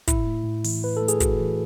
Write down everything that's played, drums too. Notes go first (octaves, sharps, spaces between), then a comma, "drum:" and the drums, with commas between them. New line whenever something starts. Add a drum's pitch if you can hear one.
A2 E4, drum: kick, hi-hat
A3
A2
E3, drum: open hi-hat
A2 B4
A4
A3
G#4, drum: hi-hat
A2 F#4, drum: kick, hi-hat
E3